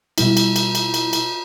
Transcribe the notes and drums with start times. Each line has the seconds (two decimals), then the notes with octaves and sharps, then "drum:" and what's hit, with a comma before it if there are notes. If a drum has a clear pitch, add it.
0.18 B2 G3 E4, drum: cymbal
0.37 drum: cymbal
0.56 drum: cymbal
0.75 drum: cymbal
0.94 drum: cymbal
1.13 drum: cymbal